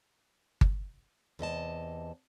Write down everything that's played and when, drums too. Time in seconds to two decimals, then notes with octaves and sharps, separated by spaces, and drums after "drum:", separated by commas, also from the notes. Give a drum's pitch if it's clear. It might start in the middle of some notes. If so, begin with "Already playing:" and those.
0.61 drum: kick G1
1.39 E2 C3 D#5 A5